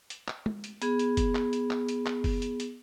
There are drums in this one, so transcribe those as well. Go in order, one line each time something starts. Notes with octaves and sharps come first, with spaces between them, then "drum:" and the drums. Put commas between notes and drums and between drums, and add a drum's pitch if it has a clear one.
drum: hi-hat
drum: clap
drum: tom G#3
drum: hi-hat
B3 G#4, drum: hi-hat
drum: hi-hat
drum: kick F#1, hi-hat
drum: clap
drum: hi-hat
drum: clap
drum: hi-hat
drum: clap
drum: kick F#1, open hi-hat
drum: hi-hat
drum: hi-hat